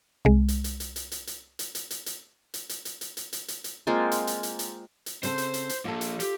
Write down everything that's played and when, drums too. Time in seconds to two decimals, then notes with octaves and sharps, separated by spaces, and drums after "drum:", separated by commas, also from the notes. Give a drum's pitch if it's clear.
0.25 C2 G#3
0.48 drum: hi-hat
0.64 drum: hi-hat
0.80 drum: hi-hat
0.96 drum: hi-hat
1.12 drum: hi-hat
1.27 drum: hi-hat
1.59 drum: hi-hat
1.75 drum: hi-hat
1.90 drum: hi-hat
2.06 drum: hi-hat
2.54 drum: hi-hat
2.69 drum: hi-hat
2.85 drum: hi-hat
3.01 drum: hi-hat
3.17 drum: hi-hat
3.33 drum: hi-hat
3.48 drum: hi-hat
3.64 drum: hi-hat
3.87 G#3 A#3 C4 F4
4.12 drum: hi-hat
4.27 drum: hi-hat
4.43 drum: hi-hat
4.59 drum: hi-hat
5.06 drum: hi-hat
5.23 C#3 C4 A4 C5 C6, drum: hi-hat
5.38 drum: hi-hat
5.54 drum: hi-hat
5.69 drum: hi-hat
5.85 F3 A#3 F4 A4
6.01 drum: hi-hat
6.20 G4, drum: hi-hat